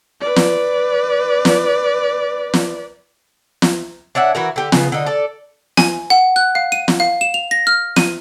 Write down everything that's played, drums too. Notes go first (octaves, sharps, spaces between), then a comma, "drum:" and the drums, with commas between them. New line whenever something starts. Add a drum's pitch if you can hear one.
B4 D5
drum: snare
drum: snare
drum: snare
drum: snare
D4 C#5 E5 F#5
E3 F#4 A#4
D3 G4
C#3 B3, drum: snare
D3 D#4
A4 D5
G#5, drum: snare
F#5
F#6
F5
D#7
drum: snare
F5
E7
F7
A#6
F6
D#7, drum: snare